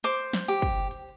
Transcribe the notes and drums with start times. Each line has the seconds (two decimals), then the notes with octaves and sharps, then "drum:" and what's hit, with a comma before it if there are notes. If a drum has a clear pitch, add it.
0.04 C5 D6, drum: hi-hat
0.33 drum: snare
0.48 G4
0.62 drum: kick, hi-hat
0.91 drum: hi-hat